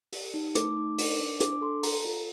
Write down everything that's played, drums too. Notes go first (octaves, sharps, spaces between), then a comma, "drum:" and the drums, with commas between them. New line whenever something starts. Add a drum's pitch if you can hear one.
G4, drum: open hi-hat
D#4
A3 D6, drum: hi-hat
D#4
D4, drum: open hi-hat
D4
D4 D6, drum: hi-hat
A4 C6
A4 A#5, drum: open hi-hat
F4